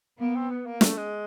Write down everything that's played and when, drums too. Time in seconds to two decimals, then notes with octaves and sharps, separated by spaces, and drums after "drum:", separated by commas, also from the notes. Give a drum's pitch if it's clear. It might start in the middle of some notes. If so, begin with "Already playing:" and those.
0.20 A#3 B3
0.36 C4
0.50 B3
0.66 A#3
0.81 A3, drum: snare
0.97 G#3